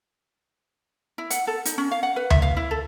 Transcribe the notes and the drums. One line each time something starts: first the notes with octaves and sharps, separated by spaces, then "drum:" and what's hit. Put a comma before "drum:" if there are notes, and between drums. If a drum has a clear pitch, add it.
E4
F#5, drum: hi-hat
A4
D#4, drum: hi-hat
C#4
F5
F#5
B4
E5, drum: tom D2
F5
E4
A4